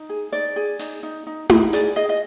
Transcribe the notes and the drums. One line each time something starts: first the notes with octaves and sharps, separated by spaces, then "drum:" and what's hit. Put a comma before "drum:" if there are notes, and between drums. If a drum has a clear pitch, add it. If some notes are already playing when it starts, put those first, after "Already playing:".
Already playing: D#4
G#4
D#4 D5
G#4
D#4, drum: open hi-hat
D#4
D#4
D#4, drum: tom E4
G#4 D5, drum: hi-hat
G#4 D#5
D#5